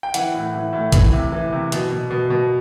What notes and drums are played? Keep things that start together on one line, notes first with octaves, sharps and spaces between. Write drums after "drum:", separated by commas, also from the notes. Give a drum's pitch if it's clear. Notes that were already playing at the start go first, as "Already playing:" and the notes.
G5
E3 F#5, drum: hi-hat
A2
E3
A2
E3, drum: kick G#1, hi-hat
C3
E3
C3
B2, drum: hi-hat
B2
B2
B2